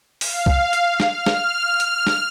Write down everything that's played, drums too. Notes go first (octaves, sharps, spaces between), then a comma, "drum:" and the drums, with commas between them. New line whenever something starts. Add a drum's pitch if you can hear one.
F5, drum: open hi-hat
drum: kick C2
drum: hi-hat
F6, drum: snare
drum: snare
drum: hi-hat
drum: snare